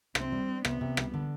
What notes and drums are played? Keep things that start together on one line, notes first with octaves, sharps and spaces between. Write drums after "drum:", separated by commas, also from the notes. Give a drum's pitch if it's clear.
C3 C4, drum: rim click
G3
D4
C3 B3, drum: rim click
C3
G3, drum: rim click
D3